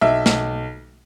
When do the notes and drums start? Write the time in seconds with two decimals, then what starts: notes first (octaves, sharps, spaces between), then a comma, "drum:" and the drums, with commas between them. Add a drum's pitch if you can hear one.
0.01 B1 E5
0.26 B1, drum: snare